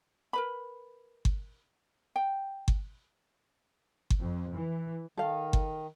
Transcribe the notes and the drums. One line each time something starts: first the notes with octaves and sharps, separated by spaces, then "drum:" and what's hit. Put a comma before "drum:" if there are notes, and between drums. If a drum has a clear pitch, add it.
A#4 B4 B5
drum: kick G1
G5
drum: kick G1
drum: kick G1
F2
E3
D#3 A4 F5
drum: kick G1